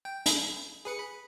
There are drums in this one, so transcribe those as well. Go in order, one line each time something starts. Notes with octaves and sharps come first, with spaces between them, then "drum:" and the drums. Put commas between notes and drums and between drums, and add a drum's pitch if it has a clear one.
G5
drum: hi-hat
G#4 B4 C#7
B5